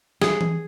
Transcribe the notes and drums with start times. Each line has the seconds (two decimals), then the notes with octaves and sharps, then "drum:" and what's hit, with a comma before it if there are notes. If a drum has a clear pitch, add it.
0.22 G#4, drum: snare
0.41 drum: tom E3